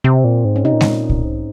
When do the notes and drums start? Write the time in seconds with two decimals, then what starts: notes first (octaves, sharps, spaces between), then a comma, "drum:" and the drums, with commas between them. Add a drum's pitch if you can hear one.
0.04 C3 C4
0.24 A#2
0.45 G#2
0.56 C#4
0.64 C3 D#4
0.73 A#2
0.81 G#2, drum: snare G#3
0.88 A#2
1.09 drum: kick B1
1.24 G#2